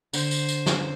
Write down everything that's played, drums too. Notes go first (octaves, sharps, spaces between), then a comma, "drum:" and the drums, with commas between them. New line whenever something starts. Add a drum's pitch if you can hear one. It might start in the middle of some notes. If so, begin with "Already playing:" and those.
D3 C5, drum: tambourine
drum: tambourine
drum: tambourine
drum: snare